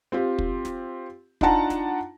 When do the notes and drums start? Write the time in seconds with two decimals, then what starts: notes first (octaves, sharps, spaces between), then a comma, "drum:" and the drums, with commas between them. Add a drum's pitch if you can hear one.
0.12 C4 F4 G4
0.38 drum: kick
0.65 drum: snare
1.41 D4 D#4 F4 F#5 A5 A#5, drum: kick
1.70 drum: snare